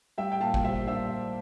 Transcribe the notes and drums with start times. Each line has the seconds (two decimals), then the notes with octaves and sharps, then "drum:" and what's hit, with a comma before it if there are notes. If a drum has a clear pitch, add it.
0.18 G3 E5 G5
0.32 G5
0.40 A#2 F5 A5
0.54 drum: kick A1
0.63 G3 C5 E5
0.87 D4 C5 E5